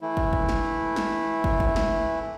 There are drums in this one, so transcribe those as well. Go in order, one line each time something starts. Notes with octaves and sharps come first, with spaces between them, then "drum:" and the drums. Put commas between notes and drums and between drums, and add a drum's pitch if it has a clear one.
E3 A3 E4
drum: kick
drum: kick
drum: snare
drum: snare
drum: kick
drum: kick
drum: snare